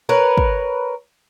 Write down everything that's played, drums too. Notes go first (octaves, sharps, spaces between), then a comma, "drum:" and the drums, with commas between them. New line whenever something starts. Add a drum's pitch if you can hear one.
A#4 B4 C#5
drum: kick